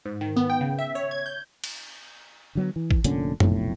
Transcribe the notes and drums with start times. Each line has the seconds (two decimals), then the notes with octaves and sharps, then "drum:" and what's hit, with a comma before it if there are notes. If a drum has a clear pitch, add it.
0.05 G#2
0.21 D#3
0.36 B3
0.50 G5
0.61 C#3
0.79 E5
0.95 C#5
1.11 G#6
1.26 G6
1.64 drum: cymbal
2.55 D3 F#3 B3
2.76 E3
2.91 drum: kick G#1
3.04 F1 A#2 D3 C#4, drum: hi-hat
3.40 F1 B1 A2, drum: tom F#2